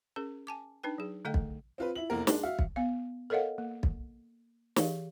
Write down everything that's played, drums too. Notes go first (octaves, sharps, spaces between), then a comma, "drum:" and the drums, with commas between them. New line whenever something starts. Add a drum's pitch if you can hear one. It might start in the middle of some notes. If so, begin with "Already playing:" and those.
C#4 G#4 A#4
G#5 A5 D6
D4 D#4 B4 G5
F#3 G#4
D3 A3 A4 D#5 F#5 G5
drum: kick
C4 F4 B4
E4 F#7
F1 E2 A#3 A#4
G#3 D4, drum: snare
F#4 E5 F5
drum: kick
B3 F5
A4 A#4 C#5 D#5 F5 F#5
A#3
drum: kick
E3 G4 G#4 F5, drum: snare